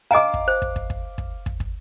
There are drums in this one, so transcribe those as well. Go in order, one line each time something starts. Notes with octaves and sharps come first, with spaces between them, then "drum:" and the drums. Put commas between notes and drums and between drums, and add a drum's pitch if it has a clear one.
D#5 F5 G#5 A#5 D6
drum: kick
C5
drum: kick
drum: kick
drum: kick
drum: kick
drum: kick
drum: kick